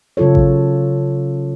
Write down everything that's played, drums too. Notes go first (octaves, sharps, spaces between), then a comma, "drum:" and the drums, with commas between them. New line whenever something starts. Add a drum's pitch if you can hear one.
C#3 F#3 F4 A4 C#5
drum: kick A1